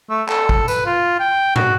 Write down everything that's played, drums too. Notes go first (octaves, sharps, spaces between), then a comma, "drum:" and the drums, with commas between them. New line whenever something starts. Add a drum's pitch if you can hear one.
A3
A4, drum: clap
drum: kick
B4, drum: tambourine
F4
G5
F#4, drum: tom